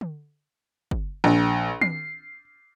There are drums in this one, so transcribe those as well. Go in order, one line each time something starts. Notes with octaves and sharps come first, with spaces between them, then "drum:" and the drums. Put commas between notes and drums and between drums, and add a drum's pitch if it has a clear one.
drum: tom D3
drum: kick
A#1
C7, drum: tom